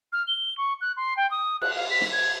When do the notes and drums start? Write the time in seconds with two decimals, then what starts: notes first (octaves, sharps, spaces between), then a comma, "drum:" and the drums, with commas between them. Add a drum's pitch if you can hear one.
0.13 F6
0.28 G7
0.58 C#6
0.81 F#6
0.97 C6
1.17 G5
1.31 D#6
1.62 F#6, drum: cymbal
1.76 F5
1.91 B6
2.01 drum: snare
2.12 G#6